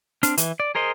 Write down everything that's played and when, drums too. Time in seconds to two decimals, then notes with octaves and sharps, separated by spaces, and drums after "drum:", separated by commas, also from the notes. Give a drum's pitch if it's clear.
0.23 C4 D4 F6, drum: hi-hat
0.38 E3 E4, drum: hi-hat
0.60 D5
0.75 G#4 A#4 C5 D#5